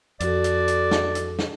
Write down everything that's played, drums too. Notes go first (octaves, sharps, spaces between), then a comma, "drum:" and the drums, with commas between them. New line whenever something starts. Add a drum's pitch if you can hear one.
F2 F#4 A4 D5, drum: hi-hat
drum: hi-hat
drum: hi-hat
drum: snare
drum: hi-hat
drum: snare